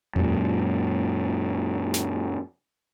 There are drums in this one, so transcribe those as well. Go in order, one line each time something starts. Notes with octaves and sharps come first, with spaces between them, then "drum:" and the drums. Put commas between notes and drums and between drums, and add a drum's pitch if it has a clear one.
F#2 A#2, drum: tom E2
drum: snare